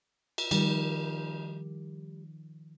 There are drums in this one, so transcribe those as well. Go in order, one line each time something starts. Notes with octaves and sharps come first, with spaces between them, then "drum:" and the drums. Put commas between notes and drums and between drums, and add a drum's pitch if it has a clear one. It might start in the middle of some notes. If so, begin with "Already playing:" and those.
drum: cymbal
D#3 F3 G3, drum: cymbal